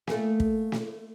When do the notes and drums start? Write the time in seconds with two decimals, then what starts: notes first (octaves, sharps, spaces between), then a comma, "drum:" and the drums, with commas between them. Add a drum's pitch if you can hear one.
0.07 A3 A#3 G#4, drum: snare
0.40 drum: kick
0.72 drum: snare